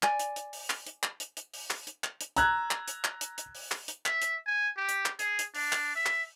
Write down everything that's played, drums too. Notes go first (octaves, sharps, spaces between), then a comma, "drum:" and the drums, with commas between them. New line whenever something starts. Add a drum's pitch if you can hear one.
D5 G#5, drum: clap
drum: hi-hat
drum: hi-hat
drum: open hi-hat
drum: clap
drum: hi-hat
drum: clap
drum: hi-hat
drum: hi-hat
drum: open hi-hat
drum: clap
drum: hi-hat
drum: clap
drum: hi-hat
A#5 E6 F#6 G#6, drum: hi-hat
drum: clap
drum: hi-hat
drum: clap
drum: hi-hat
drum: hi-hat
drum: open hi-hat
drum: clap
drum: hi-hat
E5, drum: clap
drum: hi-hat
G#5
G4
drum: hi-hat
drum: clap
G#4, drum: hi-hat
drum: hi-hat
D4, drum: open hi-hat
drum: clap
E5
drum: clap